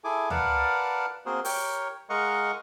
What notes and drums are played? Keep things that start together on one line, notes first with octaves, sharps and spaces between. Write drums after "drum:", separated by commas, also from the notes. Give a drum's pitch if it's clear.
E4 G#4 A4 G#5 D6
A#4 B4 D5 F5 F#5 A5, drum: tom D2
A#3 C4 F#4 G#4 A#4 C5
G4 A#4 C#5 G5, drum: open hi-hat
G#3 A#4 D#5 F5 F#5 C#6